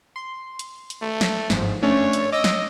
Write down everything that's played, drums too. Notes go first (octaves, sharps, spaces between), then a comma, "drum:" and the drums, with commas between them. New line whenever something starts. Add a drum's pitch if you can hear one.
C6
drum: hi-hat
drum: hi-hat
A3
drum: snare
G1 G#2 F3, drum: snare
A3 C#4 D4 C#5
drum: hi-hat
D#5 D6 E6 A#6
drum: snare